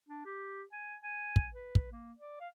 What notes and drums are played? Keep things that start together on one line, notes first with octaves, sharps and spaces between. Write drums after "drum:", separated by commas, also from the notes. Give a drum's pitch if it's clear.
D4
G4
G#5
G#5
drum: kick
B4
drum: kick
A#3
D5
F5